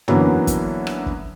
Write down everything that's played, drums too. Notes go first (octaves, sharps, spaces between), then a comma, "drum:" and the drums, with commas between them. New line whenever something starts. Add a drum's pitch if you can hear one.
D3 E3 F#3 A#3 B3 C#4, drum: tom
drum: kick, hi-hat
drum: rim click
drum: kick